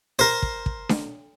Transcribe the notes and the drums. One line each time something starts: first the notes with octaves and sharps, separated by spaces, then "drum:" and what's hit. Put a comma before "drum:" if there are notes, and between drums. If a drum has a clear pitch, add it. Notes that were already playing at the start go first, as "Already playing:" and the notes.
A#4 C5
drum: kick
drum: kick
drum: snare D4